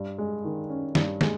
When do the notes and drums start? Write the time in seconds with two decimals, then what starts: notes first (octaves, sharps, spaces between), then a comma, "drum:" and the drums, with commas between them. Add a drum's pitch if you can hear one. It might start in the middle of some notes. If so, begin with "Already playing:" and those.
Already playing: G2
0.18 G#3
0.45 D#3
0.69 C#4
0.95 G2, drum: snare
1.21 G#3, drum: snare